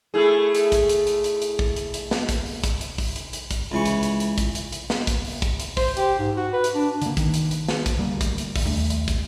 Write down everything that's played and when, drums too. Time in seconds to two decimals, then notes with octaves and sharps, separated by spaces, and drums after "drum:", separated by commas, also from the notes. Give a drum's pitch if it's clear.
0.14 A3 E4 G#4
0.55 drum: hi-hat
0.72 drum: kick, hi-hat
0.89 drum: hi-hat
1.07 drum: hi-hat
1.24 drum: hi-hat
1.42 drum: hi-hat
1.59 drum: kick
1.76 drum: hi-hat
1.94 drum: hi-hat
2.11 drum: snare
2.29 drum: kick, hi-hat
2.46 drum: open hi-hat
2.64 drum: kick, hi-hat
2.81 drum: hi-hat
2.98 drum: kick, open hi-hat
3.16 drum: hi-hat
3.33 drum: hi-hat
3.51 drum: kick, hi-hat
3.71 C#2 E3 C#6
3.85 drum: hi-hat
4.03 drum: hi-hat
4.20 drum: hi-hat
4.38 drum: kick, hi-hat
4.55 drum: hi-hat
4.72 drum: hi-hat
4.90 drum: snare
5.07 drum: kick, hi-hat
5.25 drum: open hi-hat
5.42 drum: kick, hi-hat
5.60 drum: hi-hat
5.77 C5, drum: kick, open hi-hat
5.97 G4, drum: hi-hat
6.19 G#2
6.36 F#4
6.53 B4
6.64 drum: hi-hat
6.75 D4
7.02 D3 A#3, drum: hi-hat
7.17 D#3, drum: kick, hi-hat
7.34 drum: hi-hat
7.51 drum: hi-hat
7.68 drum: snare
7.86 drum: kick, hi-hat
7.98 D2 G3 A#3
8.21 drum: kick, hi-hat
8.38 drum: hi-hat
8.56 drum: kick, open hi-hat
8.65 D#2 A3 D4
8.90 drum: hi-hat
9.08 drum: kick, hi-hat